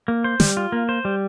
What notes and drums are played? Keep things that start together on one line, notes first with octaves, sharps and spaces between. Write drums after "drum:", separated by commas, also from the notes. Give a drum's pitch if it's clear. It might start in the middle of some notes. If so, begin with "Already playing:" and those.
A#3
C5
G3, drum: snare
F4
A#3
C5
G3